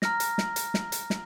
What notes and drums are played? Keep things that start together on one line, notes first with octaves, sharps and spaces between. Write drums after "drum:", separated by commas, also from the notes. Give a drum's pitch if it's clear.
A#5 F6 A#6, drum: snare
drum: hi-hat
drum: snare
drum: hi-hat
drum: snare
drum: hi-hat
drum: snare